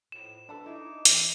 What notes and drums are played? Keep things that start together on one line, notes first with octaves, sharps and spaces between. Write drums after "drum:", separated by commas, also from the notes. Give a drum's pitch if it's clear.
F2 A2 E7
B2 D4 A4 B4 A5 B5
D#4 E4 G#4 D6
E3, drum: hi-hat